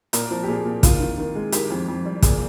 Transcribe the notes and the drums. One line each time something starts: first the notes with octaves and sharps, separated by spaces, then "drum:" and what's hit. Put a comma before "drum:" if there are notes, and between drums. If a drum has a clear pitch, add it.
A#2 A#4, drum: hi-hat
F3
G4
A#2 G#4
A#2
D#3 F4, drum: kick, hi-hat
D#3
D#3
G#3
D#3 G4, drum: hi-hat
F2
F2
G3
A#2 G#4, drum: kick, hi-hat